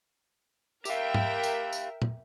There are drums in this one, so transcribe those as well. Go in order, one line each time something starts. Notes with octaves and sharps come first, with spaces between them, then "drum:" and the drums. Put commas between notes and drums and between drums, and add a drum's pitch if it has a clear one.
G4 A#4 E5 F5 G5, drum: tambourine
drum: tom G#2
drum: tambourine
drum: tambourine
drum: tom